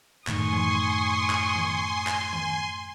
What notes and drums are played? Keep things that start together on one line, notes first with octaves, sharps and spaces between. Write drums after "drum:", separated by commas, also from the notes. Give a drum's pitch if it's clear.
F#2 A2 D#3 G#5 C6 C#6 D#6, drum: clap
drum: tom E3
drum: clap
drum: tom D#3
drum: clap
drum: tom D#3